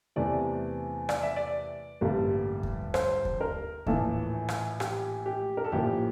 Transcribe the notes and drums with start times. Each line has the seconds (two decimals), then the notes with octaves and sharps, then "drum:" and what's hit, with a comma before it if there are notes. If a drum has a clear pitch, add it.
0.16 E2 C3 E3 A3 D5
1.09 D5, drum: rim click
1.23 E5
1.36 D5
2.01 A1 G2 D3 G3 A#3
2.63 drum: kick D#2
2.94 C5, drum: rim click
3.25 drum: kick D#2
3.41 A#4
3.86 A#1 A2 E3 A4, drum: kick D#2
4.49 drum: rim click
4.80 G4, drum: rim click
5.26 G4
5.57 A#4
5.64 A4
5.72 A#1 A2 F3 A#3 G4